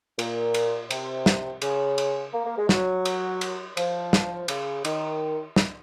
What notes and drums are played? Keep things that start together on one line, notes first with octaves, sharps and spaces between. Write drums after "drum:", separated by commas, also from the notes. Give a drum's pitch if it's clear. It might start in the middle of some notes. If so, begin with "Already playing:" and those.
A#2, drum: cymbal
drum: cymbal
C3, drum: cymbal
drum: snare
C#3, drum: cymbal
drum: cymbal
A#3
A#3
G#3
F#3, drum: snare
drum: cymbal
drum: cymbal
F3, drum: cymbal
drum: snare
C#3, drum: cymbal
D#3, drum: cymbal
drum: snare